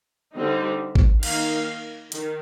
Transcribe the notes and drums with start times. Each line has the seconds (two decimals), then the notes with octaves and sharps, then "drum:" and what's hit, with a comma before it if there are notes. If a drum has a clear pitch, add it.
0.34 D3 G3 C4 D#4
0.95 drum: kick G#1
1.23 D#3 A#3 D#4 F5, drum: cymbal
2.12 D#3, drum: hi-hat